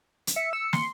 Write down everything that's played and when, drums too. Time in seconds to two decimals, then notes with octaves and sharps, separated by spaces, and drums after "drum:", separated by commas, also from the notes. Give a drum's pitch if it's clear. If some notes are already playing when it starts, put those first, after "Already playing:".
0.27 drum: hi-hat
0.36 E5 C#7
0.53 E6 C#7
0.73 C6, drum: snare